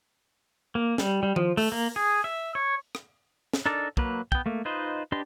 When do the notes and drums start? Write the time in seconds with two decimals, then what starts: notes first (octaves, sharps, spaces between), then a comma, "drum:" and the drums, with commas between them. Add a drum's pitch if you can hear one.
0.75 A#3
0.98 G3, drum: snare
1.23 G3
1.36 F3, drum: tom D#3
1.57 A3, drum: open hi-hat
1.72 A#3
1.96 G#4
2.24 E5
2.55 C#5
2.95 drum: rim click
3.53 drum: snare
3.66 D4 D#4 A4 A#4 D5
3.97 F#3 A#3 B4, drum: kick
4.32 B3 G5, drum: kick
4.46 A3 A#3
4.65 D#4 F4 B4 C5 D#5
5.12 D4 G4 B4 D#5 C6